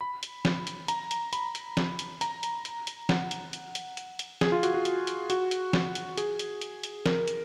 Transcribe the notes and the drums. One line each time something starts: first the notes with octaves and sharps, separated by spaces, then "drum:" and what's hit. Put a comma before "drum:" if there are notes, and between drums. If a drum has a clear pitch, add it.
B5
drum: hi-hat
drum: snare
drum: hi-hat
A#5, drum: hi-hat
drum: hi-hat
B5, drum: hi-hat
drum: hi-hat
drum: snare
drum: hi-hat
A#5, drum: hi-hat
drum: hi-hat
drum: hi-hat
drum: hi-hat
F#5, drum: snare
drum: hi-hat
drum: hi-hat
drum: hi-hat
drum: hi-hat
drum: hi-hat
G#4, drum: snare
F4
F#4, drum: hi-hat
F#4
drum: hi-hat
drum: hi-hat
F#4, drum: hi-hat
drum: hi-hat
drum: snare
drum: hi-hat
G#4, drum: hi-hat
drum: hi-hat
drum: hi-hat
drum: hi-hat
A#4, drum: snare
drum: hi-hat